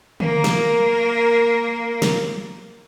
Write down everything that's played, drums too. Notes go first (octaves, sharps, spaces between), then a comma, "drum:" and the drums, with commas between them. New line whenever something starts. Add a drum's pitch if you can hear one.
A#3 A#4, drum: tom D3
drum: snare
drum: snare